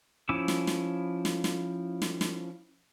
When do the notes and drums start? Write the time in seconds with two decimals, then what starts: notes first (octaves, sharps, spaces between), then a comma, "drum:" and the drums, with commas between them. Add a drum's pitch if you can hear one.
0.29 F3 C#4 E4 D6 E6
0.48 drum: snare
0.67 drum: snare
1.25 drum: snare
1.44 drum: snare
2.02 drum: snare
2.21 drum: snare